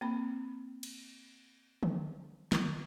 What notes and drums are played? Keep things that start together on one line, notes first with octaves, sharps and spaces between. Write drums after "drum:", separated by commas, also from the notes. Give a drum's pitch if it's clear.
A#3 C4 B5
drum: cymbal
drum: tom
drum: snare